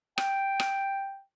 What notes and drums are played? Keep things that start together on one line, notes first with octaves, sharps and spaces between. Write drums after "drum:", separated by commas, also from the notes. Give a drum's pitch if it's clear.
G5, drum: rim click
drum: rim click